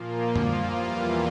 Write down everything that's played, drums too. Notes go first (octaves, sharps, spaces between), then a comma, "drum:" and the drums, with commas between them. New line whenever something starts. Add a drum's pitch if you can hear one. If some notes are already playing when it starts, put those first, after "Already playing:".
Already playing: A#2 F3 A#3 F4
drum: tom F#2
E2 E3 G3 A#3 F4